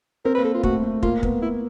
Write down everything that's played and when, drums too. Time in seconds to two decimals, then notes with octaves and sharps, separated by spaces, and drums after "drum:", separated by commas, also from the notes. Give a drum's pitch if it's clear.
0.25 C4 A#4
0.35 B4
0.38 A#3
0.45 A4
0.54 F4
0.63 A3 F#4, drum: kick
0.83 A3
1.03 A#3 F4, drum: kick
1.23 B3, drum: kick
1.42 E4